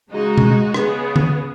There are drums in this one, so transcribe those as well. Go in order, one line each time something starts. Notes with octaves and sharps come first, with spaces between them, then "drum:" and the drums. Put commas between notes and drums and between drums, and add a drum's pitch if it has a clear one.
C#3 G#3 D#4 F#4
drum: tom B2
C#3 B3 G#4, drum: rim click
drum: tom D3